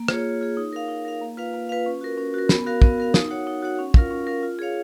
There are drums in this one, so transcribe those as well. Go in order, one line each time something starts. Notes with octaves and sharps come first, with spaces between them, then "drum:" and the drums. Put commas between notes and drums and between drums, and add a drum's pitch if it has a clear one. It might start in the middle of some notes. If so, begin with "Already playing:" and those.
Already playing: A#3
F4 G#4 C#5, drum: rim click
A#3
F4 G#4 C#5
D#4
A#4 F5
D#4
A#4 F5
A#3
F4 B4 F5
A#3
F4 B4 F5
C#4
F#4 A#4
C#4
F#4 A#4
B3, drum: snare
F#4 A#4 F5
B3, drum: kick
F#4 A#4 F5
D#4, drum: snare
F#4 C#5 F#5
D#4
F#4 C#5 F#5
C#4
F4 A#4 F5, drum: kick
C#4
F4 A#4 F5
F4
G#4 C#5 F5